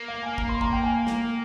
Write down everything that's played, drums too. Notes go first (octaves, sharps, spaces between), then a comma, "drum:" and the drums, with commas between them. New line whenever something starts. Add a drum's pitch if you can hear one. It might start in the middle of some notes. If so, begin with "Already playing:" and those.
Already playing: A#3
F5
G#5
A#5, drum: kick
C6
A#5, drum: kick
G5
G#5
drum: snare